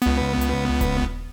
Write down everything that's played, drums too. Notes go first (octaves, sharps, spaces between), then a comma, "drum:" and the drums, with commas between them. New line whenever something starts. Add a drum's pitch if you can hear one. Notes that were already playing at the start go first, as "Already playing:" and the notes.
C#2 B3, drum: hi-hat
drum: hi-hat
drum: kick D#1, hi-hat